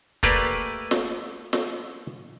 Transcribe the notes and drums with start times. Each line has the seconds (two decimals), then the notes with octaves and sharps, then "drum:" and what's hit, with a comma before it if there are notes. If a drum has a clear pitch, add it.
0.23 A3 A#3 G4 B4 D5, drum: kick
0.91 drum: snare
1.53 drum: snare